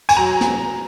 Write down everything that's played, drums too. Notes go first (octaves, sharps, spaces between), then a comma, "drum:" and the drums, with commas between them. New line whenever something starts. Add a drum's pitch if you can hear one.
G#5, drum: cymbal
F#3 A#5
drum: snare